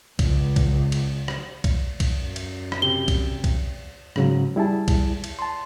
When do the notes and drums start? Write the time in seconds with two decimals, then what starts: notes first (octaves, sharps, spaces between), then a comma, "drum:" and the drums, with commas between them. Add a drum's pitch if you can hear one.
0.19 C#2, drum: kick B1, cymbal
0.56 drum: kick B1, cymbal
0.92 drum: cymbal
1.28 drum: rim click
1.64 drum: kick B1, cymbal
2.00 drum: kick B1, cymbal
2.18 F#2
2.36 drum: cymbal
2.72 drum: rim click
2.82 C3 G7
3.08 drum: kick B1, cymbal
3.44 drum: kick B1, cymbal
4.16 G#2 C#3 F#3, drum: rim click
4.56 G3 E4 G#4 A5
4.88 drum: kick B1, cymbal
5.24 drum: cymbal
5.39 A5 C6